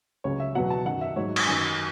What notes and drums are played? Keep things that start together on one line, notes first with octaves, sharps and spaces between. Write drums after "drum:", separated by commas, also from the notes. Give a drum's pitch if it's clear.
C#2 C#3 F#3 C#5
E5
E2 B2 F#3 F#5
A5
F#2 D#3 F#3 F#5
E5
G#2 F#3 C#5
drum: cymbal
F#2 D#3 F#3 G#5